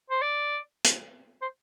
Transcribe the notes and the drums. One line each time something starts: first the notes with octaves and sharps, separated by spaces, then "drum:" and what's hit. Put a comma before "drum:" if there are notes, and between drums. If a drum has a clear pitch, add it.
C5
D5
drum: hi-hat
C5